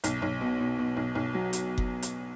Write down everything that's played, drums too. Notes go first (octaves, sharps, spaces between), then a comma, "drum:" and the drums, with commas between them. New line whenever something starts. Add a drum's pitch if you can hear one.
B1, drum: hi-hat
B1
B2
B2
B2
B1
B1
F#3
drum: hi-hat
drum: kick F#1
drum: hi-hat